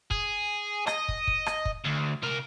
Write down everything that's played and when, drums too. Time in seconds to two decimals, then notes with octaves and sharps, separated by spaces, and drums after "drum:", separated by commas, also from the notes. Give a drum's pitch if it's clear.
0.11 G#4, drum: kick
0.87 D#5, drum: rim click
1.08 drum: kick
1.27 drum: kick
1.46 drum: rim click
1.65 drum: kick
1.84 D2
2.23 C3 A#4